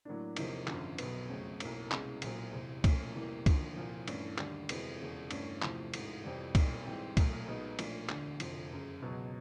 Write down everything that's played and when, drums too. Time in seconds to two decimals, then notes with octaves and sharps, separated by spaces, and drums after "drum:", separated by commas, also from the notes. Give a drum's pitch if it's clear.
0.05 A2 F#3 A#3 D4
0.37 E2 C3 F3 A#3 D#4, drum: cymbal
0.67 G#1 F#2 D3 F3, drum: clap
0.98 B1 B2 F#3 B3, drum: cymbal
1.29 F2 C#3 F#3 A3 C#4
1.60 B1 A2 F#3 A#3, drum: cymbal
1.91 C2 B2 G#3 C#4, drum: clap
2.22 A#1 A#2 F#3, drum: cymbal
2.53 F1 E2 C3
2.84 B1 A#2 F3 A3 C#4, drum: kick C2, cymbal
3.15 E2 C3 E3 G3 A#3
3.46 D#2 D3 F3, drum: kick C2, cymbal
3.76 C2 A#2 F3
4.08 G2 E3 A3 C#4, drum: cymbal
4.38 D#2 D3 G3, drum: clap
4.69 F2 C3 E3 G#3 B3, drum: cymbal
5.00 E1 E2 C#3
5.31 G2 E3 A3 C#4, drum: cymbal
5.62 E2 C3 F3 A3, drum: clap
5.94 A1 G#2 E3, drum: cymbal
6.24 F2 C3 E3 G3
6.55 B1 A#2 G3 C4 D#4, drum: kick C2, cymbal
6.85 G#2 E3 G3 C4
7.17 B1 A#2 F#3 A3, drum: kick C2, cymbal
7.48 B1 B2 G#3 B3 D#4
7.79 A#2 F3 A3 D4 F4, drum: cymbal
8.09 E1 D2 D3, drum: clap
8.40 F1 F2 D3 F3, drum: cymbal
8.71 F#1 F#2 C#3
9.02 C#2 B2 F#3